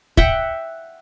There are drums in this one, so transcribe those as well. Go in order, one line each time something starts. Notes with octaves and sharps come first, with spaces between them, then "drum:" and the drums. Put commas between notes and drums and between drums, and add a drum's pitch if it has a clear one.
E5 F#5 G5, drum: kick